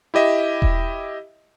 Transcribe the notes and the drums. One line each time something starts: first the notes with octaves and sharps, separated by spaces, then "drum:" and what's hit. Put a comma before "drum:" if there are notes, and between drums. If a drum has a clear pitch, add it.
E4 G4 D#5 E5
drum: kick E1